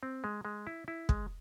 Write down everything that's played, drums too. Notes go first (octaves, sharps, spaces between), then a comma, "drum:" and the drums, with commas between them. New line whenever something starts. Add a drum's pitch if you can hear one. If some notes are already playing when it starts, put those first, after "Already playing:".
C4
G#3
G#3
E4
E4
G#3, drum: kick